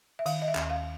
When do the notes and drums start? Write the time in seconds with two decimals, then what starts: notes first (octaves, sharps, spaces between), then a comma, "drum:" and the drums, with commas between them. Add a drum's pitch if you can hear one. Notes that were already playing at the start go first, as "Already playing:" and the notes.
0.19 E5
0.26 D#3 F5, drum: cymbal
0.42 D#5
0.48 E5
0.55 D#2, drum: clap
0.70 F5